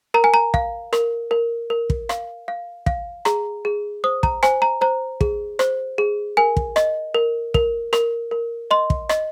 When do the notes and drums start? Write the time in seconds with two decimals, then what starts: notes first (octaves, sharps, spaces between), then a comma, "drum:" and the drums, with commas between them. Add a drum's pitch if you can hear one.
0.14 A#4 A#5
0.24 G#5
0.34 A#5
0.54 F5, drum: kick
0.93 A#4, drum: rim click
1.31 A#4
1.70 A#4
1.90 drum: kick
2.09 F5, drum: rim click
2.48 F5
2.86 F5, drum: kick
3.25 G#4 A#5, drum: rim click
3.65 G#4
4.04 C5 D#6
4.23 A#5, drum: kick
4.43 C5 G#5, drum: rim click
4.62 A#5
4.81 C5 A#5
5.21 G#4, drum: kick
5.59 C5, drum: rim click
5.98 G#4
6.37 A#4 G#5
6.57 drum: kick
6.76 D#5, drum: rim click
7.15 A#4
7.54 A#4, drum: kick
7.93 A#4, drum: rim click
8.31 A#4
8.71 D#5 C6
8.90 drum: kick
9.09 D#5, drum: rim click